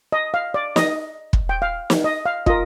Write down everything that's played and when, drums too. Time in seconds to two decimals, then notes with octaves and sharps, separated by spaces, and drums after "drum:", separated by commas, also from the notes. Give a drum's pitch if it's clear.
0.12 D#5
0.34 F5
0.54 D5
0.76 D#5, drum: snare
1.33 drum: kick
1.49 G5
1.62 F5
1.90 drum: snare
2.04 D#5
2.26 F5
2.46 F4 A#4 D#5, drum: kick